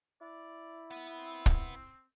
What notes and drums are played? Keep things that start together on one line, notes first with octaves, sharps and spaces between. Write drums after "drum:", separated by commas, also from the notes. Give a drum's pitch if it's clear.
E4 D5
B4 F#5
C4
drum: kick